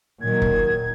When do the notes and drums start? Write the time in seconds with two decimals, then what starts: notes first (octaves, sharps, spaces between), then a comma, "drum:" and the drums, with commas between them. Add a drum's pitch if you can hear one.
0.21 A#2 D#3 F#3 G#6
0.42 drum: kick F1